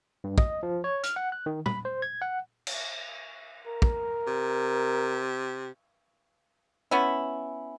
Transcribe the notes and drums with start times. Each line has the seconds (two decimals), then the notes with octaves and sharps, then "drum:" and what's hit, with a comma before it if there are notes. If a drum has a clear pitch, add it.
0.24 G2
0.38 D#5, drum: kick
0.63 F3
0.84 C#5
1.04 F6, drum: hi-hat
1.16 F#5
1.32 F#6
1.46 D#3
1.66 B5, drum: tom
1.85 C5
2.02 G#6
2.22 F#5
2.67 drum: cymbal
3.67 A#4
3.82 drum: kick
4.27 C3
6.91 B3 C#4 E4